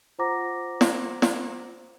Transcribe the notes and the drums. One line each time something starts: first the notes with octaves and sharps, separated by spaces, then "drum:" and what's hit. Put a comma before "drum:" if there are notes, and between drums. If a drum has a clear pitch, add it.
F4 C5 F#5 A#5 D6 A#6
drum: snare
drum: snare